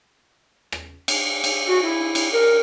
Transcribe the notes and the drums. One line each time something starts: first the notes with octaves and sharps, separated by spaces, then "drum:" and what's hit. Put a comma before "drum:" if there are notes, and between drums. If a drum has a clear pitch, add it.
drum: rim click
drum: cymbal
drum: cymbal
F#4
E4
drum: cymbal
A#4